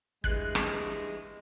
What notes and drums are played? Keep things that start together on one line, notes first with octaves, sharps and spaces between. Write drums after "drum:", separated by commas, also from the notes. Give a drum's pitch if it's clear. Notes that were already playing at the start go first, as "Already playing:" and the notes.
G2 E3 G#3 F#6 C7, drum: kick
drum: rim click